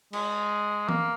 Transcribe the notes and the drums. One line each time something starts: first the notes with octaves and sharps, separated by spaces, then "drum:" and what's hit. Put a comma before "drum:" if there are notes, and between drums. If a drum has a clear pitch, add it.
G#3, drum: cymbal
A#3, drum: tom E3